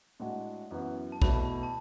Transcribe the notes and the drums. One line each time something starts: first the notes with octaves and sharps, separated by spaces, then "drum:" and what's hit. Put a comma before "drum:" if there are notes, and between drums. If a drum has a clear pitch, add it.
A2 G#3 D4 F#4
F#2 E3 B3 F#4
A5
E2 B2 A3 B5, drum: kick A#1
B5
A5